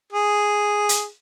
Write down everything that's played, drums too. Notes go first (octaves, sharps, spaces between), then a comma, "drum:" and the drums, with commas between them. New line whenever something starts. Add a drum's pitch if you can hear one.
G#4
drum: hi-hat